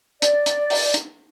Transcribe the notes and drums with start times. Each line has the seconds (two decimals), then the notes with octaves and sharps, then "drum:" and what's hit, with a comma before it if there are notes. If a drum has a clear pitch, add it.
0.22 D5, drum: hi-hat
0.46 drum: hi-hat
0.70 drum: open hi-hat
0.94 drum: hi-hat